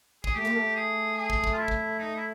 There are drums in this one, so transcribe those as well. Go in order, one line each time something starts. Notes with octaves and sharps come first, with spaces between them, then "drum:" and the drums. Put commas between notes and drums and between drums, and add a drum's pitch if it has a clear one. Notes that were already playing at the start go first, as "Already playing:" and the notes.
G#4, drum: kick
A3 G4
A#3, drum: clap
A3
G#4
G#4
drum: kick
drum: kick
F4
E4
drum: kick
D#4
E4